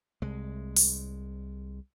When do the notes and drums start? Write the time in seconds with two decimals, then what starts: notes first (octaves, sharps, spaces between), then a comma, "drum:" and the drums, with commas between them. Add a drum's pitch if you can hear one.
0.22 C2 G#3
0.77 drum: open hi-hat